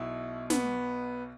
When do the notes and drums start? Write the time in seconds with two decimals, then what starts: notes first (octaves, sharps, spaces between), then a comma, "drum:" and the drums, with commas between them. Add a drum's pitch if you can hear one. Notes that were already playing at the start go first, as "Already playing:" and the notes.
Already playing: B1 B2 E4
0.50 B3, drum: snare